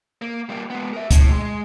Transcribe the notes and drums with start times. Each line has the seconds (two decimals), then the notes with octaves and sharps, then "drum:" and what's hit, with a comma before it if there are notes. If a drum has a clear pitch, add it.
0.22 A#3
0.49 G3 A#3
0.70 G#3 B3
0.93 A#4 E5
1.11 A2, drum: kick, hi-hat
1.30 G#3